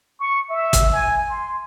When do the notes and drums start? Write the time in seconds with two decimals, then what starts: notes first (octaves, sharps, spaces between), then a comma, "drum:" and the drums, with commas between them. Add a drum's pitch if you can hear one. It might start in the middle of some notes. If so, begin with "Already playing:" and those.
0.20 C#6
0.50 E5
0.73 drum: kick, hi-hat
0.92 G#5
1.29 C6